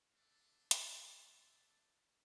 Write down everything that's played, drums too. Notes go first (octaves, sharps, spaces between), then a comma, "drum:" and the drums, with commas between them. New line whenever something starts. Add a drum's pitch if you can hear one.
A3 D4 A4
drum: hi-hat